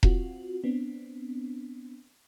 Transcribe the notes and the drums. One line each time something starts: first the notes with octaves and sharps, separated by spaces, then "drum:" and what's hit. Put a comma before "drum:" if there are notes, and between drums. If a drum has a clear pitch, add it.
C4 F4 F#4, drum: kick E1
B3 C4 D4